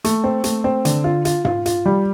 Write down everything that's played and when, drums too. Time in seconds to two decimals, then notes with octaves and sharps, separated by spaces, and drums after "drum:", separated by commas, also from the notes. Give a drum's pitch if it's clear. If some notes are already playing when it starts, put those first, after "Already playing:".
0.04 A3, drum: hi-hat
0.24 C4
0.44 A3, drum: hi-hat
0.64 C4
0.85 D3, drum: hi-hat
1.04 F4
1.25 F4, drum: hi-hat
1.45 F4, drum: tom G#2
1.66 F4, drum: hi-hat
1.86 G3